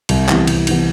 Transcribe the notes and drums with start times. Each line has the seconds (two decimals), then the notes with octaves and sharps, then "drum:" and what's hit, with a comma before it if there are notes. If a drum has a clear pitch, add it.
0.09 C2, drum: cymbal
0.29 C3 E3 B3, drum: clap
0.47 C2, drum: cymbal
0.67 C3 E3 B3, drum: cymbal